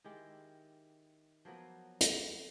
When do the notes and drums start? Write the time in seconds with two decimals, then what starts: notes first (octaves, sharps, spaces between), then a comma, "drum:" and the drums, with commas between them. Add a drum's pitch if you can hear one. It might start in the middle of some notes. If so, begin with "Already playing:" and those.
0.04 D#3 G#3 E4 G4
1.45 F3 F#3 A#3 B3
2.01 drum: hi-hat